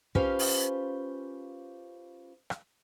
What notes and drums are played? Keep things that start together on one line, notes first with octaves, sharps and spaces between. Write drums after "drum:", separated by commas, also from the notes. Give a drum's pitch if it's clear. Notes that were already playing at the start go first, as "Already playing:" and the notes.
C#4 F4 G4 B4 C5 F5, drum: kick
drum: open hi-hat
drum: rim click